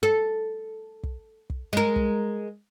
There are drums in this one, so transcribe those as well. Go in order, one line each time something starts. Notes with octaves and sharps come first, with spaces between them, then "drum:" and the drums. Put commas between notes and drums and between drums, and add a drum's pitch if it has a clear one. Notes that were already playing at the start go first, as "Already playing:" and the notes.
A4
drum: kick
drum: kick
G#3 A#4
drum: kick